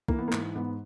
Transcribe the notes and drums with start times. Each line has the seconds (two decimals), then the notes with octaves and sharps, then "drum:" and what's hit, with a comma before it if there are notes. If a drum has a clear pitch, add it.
0.08 E3 A#3, drum: kick
0.19 B3
0.28 A#3
0.32 G#2, drum: clap
0.55 G#2 B3